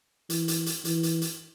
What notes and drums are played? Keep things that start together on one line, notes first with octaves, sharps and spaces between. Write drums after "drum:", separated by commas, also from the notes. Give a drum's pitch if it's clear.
E3, drum: hi-hat
drum: hi-hat
drum: hi-hat
E3, drum: hi-hat
drum: hi-hat
drum: hi-hat